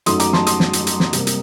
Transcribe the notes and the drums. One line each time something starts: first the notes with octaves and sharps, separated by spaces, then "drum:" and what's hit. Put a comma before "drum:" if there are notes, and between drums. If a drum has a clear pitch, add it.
F#2 F#3 A3 D#4 C6 D#6, drum: hi-hat
A#5 D6, drum: hi-hat
A5 C6, drum: snare
C6 D#6, drum: hi-hat
drum: snare
drum: hi-hat
drum: hi-hat
drum: snare
C3 G3 A#3, drum: hi-hat
drum: hi-hat